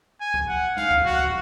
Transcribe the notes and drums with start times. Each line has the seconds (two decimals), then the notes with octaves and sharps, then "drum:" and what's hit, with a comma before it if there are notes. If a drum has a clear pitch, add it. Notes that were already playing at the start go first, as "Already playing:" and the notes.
0.20 G#5
0.34 drum: kick
0.48 F#5
0.77 F5, drum: snare
0.91 drum: kick
1.05 F#4
1.19 drum: kick